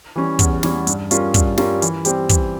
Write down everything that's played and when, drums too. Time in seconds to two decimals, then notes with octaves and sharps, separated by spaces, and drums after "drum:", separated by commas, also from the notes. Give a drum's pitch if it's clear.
0.16 E3 G3 C#4
0.39 E2, drum: kick, hi-hat
0.63 E3 G3 C#4, drum: snare
0.87 G2, drum: hi-hat
1.11 G3 C#4 F4 A#4, drum: hi-hat
1.34 G2, drum: kick, hi-hat
1.58 G3 C#4 F4 A#4, drum: snare
1.82 E3, drum: hi-hat
2.05 G3 C4 G4, drum: hi-hat
2.29 E3, drum: kick, hi-hat